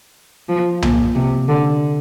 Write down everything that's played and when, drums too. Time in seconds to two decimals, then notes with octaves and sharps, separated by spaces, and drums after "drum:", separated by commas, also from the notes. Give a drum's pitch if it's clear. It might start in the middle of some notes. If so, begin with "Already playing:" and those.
0.49 F3
0.82 A#2, drum: tom C2
1.15 C3
1.48 D3